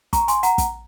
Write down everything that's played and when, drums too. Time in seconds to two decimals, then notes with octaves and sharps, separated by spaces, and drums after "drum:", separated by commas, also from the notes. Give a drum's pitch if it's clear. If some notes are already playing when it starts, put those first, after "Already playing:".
0.13 A#5 C#6, drum: kick, hi-hat
0.28 G#5 C6, drum: hi-hat
0.43 F#5 A#5, drum: hi-hat
0.58 drum: kick, hi-hat